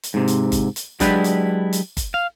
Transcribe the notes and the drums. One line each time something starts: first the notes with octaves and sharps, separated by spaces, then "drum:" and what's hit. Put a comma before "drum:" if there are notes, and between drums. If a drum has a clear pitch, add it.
drum: hi-hat
G#2 C3
drum: hi-hat
drum: kick G1, hi-hat
drum: hi-hat
F#3 G#3 D4 E4 G4 B4, drum: kick G1, hi-hat
drum: hi-hat
drum: hi-hat
drum: kick G1, hi-hat
F5